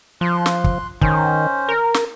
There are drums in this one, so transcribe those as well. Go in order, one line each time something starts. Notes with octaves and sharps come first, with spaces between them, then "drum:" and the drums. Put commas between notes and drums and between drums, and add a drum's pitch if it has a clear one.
F3 C6 F#6
drum: snare
drum: kick
D#3 C#4 C5, drum: kick
A#4
drum: snare